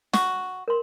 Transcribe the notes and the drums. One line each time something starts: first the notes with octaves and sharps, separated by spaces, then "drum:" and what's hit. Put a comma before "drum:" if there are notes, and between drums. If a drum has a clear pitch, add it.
F#4, drum: snare
A#4 C6